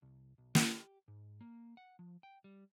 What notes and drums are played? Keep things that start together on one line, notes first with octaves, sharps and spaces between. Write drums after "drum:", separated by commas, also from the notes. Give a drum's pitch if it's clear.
C2
B1
G4, drum: snare
G#2
A#3
F#5
F3
G5
G3